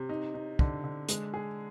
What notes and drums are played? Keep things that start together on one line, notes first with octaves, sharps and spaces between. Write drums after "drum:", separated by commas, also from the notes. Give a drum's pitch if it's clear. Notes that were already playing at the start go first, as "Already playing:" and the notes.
Already playing: C3
D#4
D#4
D3, drum: kick
D3
G#3, drum: hi-hat
G#4